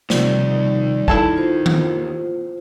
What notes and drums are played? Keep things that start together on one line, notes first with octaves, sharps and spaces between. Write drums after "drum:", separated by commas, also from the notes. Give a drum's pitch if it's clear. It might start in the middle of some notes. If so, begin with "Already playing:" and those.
D#2 C3 D#3 F3 G3 D5, drum: snare
E4 A4 A5 G#6, drum: kick
F4 C5
drum: tom D#3